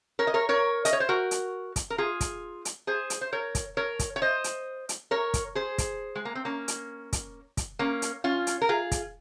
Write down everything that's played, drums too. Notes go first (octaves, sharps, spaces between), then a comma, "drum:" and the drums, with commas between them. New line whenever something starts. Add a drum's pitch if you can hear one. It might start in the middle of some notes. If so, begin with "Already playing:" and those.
A#4 C#5
D#5
A#4 C#5
A#4 C#5
D#5, drum: hi-hat
C#5
C5
F#4 A#4
drum: hi-hat
drum: kick, hi-hat
A#4
F4 G#4
drum: kick, hi-hat
drum: hi-hat
G#4 C5
drum: hi-hat
C5
A#4 C#5
drum: kick, hi-hat
A#4 C#5
drum: kick, hi-hat
C#5
C5 D#5
drum: hi-hat
drum: hi-hat
A#4 C#5
drum: kick, hi-hat
G#4 C5
drum: kick, hi-hat
G#3
A#3
C4
A#3 C#4
drum: hi-hat
drum: kick, hi-hat
drum: kick, hi-hat
A#3 C#4
drum: hi-hat
C#4 F4
drum: hi-hat
A#4
F4 G#4
drum: kick, hi-hat